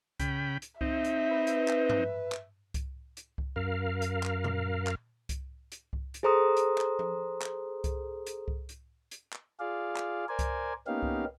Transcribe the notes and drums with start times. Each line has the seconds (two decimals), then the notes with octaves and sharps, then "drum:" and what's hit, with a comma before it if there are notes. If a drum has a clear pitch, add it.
0.20 C#3 G5 B5, drum: kick C2, hi-hat
0.62 drum: hi-hat
0.81 C4 D#4 E5, drum: kick C2
1.05 drum: hi-hat
1.30 B4
1.47 drum: hi-hat
1.68 drum: clap
1.89 drum: tom G2
2.32 drum: clap
2.74 drum: kick C2, hi-hat
3.17 drum: hi-hat
3.38 drum: kick C2
3.56 F#2 A#4 F5
4.02 drum: hi-hat
4.23 drum: clap
4.44 drum: tom A#2
4.87 drum: clap
5.29 drum: kick C2, hi-hat
5.72 drum: hi-hat
5.93 drum: kick C2
6.14 drum: hi-hat
6.23 G#4 A4 C5 A#5 C6 D#6
6.57 drum: hi-hat
6.78 drum: clap
6.99 drum: tom F3
7.42 drum: clap
7.84 drum: kick C2, hi-hat
8.26 drum: hi-hat
8.48 drum: kick C2
8.69 drum: hi-hat
9.11 drum: hi-hat
9.33 drum: clap
9.60 F4 G#4 D5 F5
9.96 drum: clap
10.28 A#4 C5 D5 G#5
10.39 drum: kick C2, hi-hat
10.87 A#3 B3 C#4 D#4 G4 F5
11.03 drum: kick C2